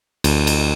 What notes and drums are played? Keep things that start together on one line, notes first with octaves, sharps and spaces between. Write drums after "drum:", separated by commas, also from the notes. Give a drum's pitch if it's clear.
D2, drum: cymbal
drum: cymbal